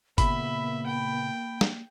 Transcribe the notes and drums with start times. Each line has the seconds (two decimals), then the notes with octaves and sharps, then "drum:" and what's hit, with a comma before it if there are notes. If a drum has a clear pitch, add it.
0.18 A#2 C#3 A#3 B3 E5 B5, drum: kick G1, hi-hat
0.86 G5
1.61 drum: snare